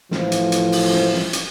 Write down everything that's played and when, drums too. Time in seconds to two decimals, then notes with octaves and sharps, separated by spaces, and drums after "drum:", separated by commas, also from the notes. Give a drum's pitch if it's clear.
0.11 A2 E3 F3, drum: snare
0.32 drum: hi-hat
0.52 drum: hi-hat
0.72 drum: open hi-hat
0.92 drum: snare
1.13 drum: snare
1.33 drum: hi-hat